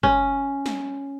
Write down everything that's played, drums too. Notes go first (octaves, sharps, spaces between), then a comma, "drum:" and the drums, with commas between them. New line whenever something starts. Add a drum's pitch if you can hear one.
C#4, drum: kick
drum: snare